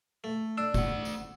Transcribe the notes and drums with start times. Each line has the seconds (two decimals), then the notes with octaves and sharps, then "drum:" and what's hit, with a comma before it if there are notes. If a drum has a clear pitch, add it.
0.24 A3
0.58 D4 E6
0.74 A3 F#5, drum: kick F1, tambourine
1.05 drum: tambourine